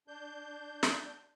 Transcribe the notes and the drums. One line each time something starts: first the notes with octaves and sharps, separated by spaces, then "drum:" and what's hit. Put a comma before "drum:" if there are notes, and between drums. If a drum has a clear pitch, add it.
D4 G6
drum: snare